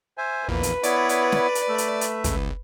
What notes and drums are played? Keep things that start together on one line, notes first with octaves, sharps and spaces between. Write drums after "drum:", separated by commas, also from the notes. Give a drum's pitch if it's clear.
C5 E5 G#5
A#1 E2 A#3 B4
drum: hi-hat
B3 E4 C#5 D5, drum: hi-hat
drum: hi-hat
drum: snare
drum: hi-hat
A3 E5
drum: hi-hat
drum: hi-hat
C#2, drum: kick, hi-hat